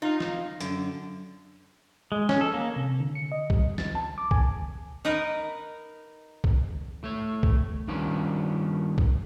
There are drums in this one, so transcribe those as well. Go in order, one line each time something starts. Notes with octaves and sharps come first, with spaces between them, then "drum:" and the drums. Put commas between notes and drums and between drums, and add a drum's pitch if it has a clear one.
D#4 F4 F5
drum: snare
F#2 D3, drum: hi-hat
G#3
C#4, drum: snare
A4
A#3
C3
D3
C#7
D#5
G3, drum: kick
D2
A6, drum: snare
A5
D6
G#5, drum: kick
D#4 A#4 B4 D#5
drum: kick
A3 C#5
drum: kick
G2 D#3 F3 B3 C#4
drum: kick